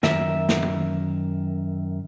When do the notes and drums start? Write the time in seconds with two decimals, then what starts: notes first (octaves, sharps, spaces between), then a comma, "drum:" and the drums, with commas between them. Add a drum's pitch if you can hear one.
0.03 F#2 D#3 A#4 E5, drum: snare
0.49 drum: snare
0.63 drum: tom